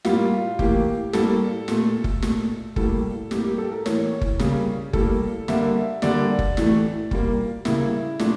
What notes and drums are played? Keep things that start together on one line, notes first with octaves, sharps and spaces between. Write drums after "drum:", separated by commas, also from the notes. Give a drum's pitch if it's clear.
A2 G3 A#3 F4, drum: snare
A2 E3 A#3 G4, drum: kick F#1
A2 G3 A#3 A4, drum: snare
A#2 A3, drum: snare
drum: kick F#1
A#2 A3, drum: snare
A2 G3 A#3 A4, drum: kick F#1
A2 G3 A#3 G4, drum: snare
G4
A4
A#4
A2 E3 A#3 C#5, drum: snare
drum: kick F#1
C#3 G3 A#3, drum: snare
A2 G3 A#3 A4, drum: kick F#1
D3 G3 A#3 E5, drum: snare
D3 G3 A#3 D5, drum: snare
drum: kick F#1
A2 E3 A3, drum: snare
A#2 G3 A#3, drum: kick F#1
C#3 G3 A#3 E4, drum: snare
A#2 F3 A3 D4, drum: snare